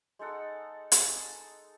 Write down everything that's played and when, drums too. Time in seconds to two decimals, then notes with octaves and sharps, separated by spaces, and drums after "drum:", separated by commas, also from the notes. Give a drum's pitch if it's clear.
0.19 G#3 D#4 A4 F#5
0.92 drum: hi-hat